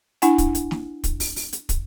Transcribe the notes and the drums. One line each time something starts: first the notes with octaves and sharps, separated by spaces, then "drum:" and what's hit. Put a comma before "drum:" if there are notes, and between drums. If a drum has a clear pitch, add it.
D4 E4 F#5 G#5, drum: hi-hat
drum: kick, hi-hat
drum: hi-hat
drum: snare
drum: kick, hi-hat
drum: open hi-hat
drum: open hi-hat
drum: hi-hat
drum: kick, hi-hat